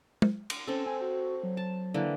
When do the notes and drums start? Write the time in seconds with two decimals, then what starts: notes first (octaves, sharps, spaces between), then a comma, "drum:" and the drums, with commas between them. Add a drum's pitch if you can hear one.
0.22 drum: tom
0.50 drum: cymbal
0.68 C4 C#4 A4
0.86 G#5
1.01 F#4
1.43 F#3
1.57 A5
1.94 D3 E3 A#3